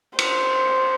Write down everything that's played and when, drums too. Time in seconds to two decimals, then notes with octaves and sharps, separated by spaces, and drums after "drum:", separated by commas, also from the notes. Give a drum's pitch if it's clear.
0.19 C5, drum: cymbal